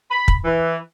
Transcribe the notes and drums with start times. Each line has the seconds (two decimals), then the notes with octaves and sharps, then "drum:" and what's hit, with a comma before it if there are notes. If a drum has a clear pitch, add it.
0.11 B5
0.28 drum: kick
0.45 E3